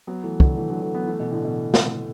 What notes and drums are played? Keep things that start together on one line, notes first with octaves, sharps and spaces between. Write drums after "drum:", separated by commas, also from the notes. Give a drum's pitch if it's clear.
F#3 B3
E3 A3
D3 F#3, drum: kick
E3 A3
D3 F#3
E3 A3
F#3 B3
E3 A3
B2 E3
A2 D3
B2 E3
drum: snare